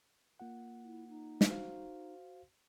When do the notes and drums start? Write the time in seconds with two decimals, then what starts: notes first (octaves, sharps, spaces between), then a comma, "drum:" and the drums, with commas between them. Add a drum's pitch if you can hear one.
0.40 A#3 F4 F#5
0.84 E4
1.08 D#4
1.41 drum: snare
1.50 F#4 C5 F5